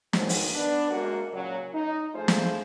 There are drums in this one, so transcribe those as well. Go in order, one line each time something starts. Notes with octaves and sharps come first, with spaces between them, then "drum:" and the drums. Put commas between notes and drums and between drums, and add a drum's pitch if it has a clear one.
G#2 D#3 F3 F#3 G#3, drum: snare
drum: open hi-hat
B3 D4
F#2 G#3 A#3 F#4 A#4
A#2 C#3 F#3
D#4
F3 A3 F4 G#4 C5
drum: snare